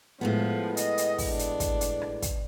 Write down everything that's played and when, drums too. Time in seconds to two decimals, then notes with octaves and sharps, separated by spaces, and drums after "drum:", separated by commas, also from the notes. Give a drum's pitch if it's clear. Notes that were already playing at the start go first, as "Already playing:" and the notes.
0.21 A2 F3 G#3 B3
0.77 D#5, drum: hi-hat
0.98 drum: hi-hat
1.18 drum: kick, open hi-hat
1.29 D4
1.39 drum: hi-hat
1.60 drum: kick, hi-hat
1.81 drum: hi-hat
2.02 drum: rim click
2.22 drum: kick, hi-hat